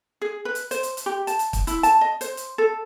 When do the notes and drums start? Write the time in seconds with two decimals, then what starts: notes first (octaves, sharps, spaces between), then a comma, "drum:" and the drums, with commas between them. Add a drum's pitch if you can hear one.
0.22 G#4
0.45 B4
0.55 drum: hi-hat
0.71 C5, drum: hi-hat
0.83 drum: hi-hat
0.97 drum: hi-hat
1.06 G4
1.27 A5, drum: hi-hat
1.39 drum: hi-hat
1.53 drum: kick, hi-hat
1.67 E4, drum: hi-hat
1.83 A5, drum: hi-hat
2.01 D#5
2.21 C5, drum: hi-hat
2.37 drum: hi-hat
2.58 A4